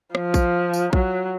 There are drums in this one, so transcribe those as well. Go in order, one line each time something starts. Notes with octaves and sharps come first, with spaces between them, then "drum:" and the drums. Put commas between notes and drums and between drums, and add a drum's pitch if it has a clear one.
F3, drum: rim click
drum: kick A#1, tambourine
drum: tambourine
F#3, drum: kick A#1